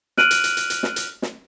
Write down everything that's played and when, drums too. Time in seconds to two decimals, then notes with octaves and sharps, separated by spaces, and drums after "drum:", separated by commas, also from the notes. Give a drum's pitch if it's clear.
0.17 F6 F#6 D7 D#7 F#7, drum: snare
0.31 drum: hi-hat
0.44 drum: hi-hat
0.57 drum: hi-hat
0.70 drum: hi-hat
0.83 drum: snare
0.96 drum: hi-hat
1.22 drum: snare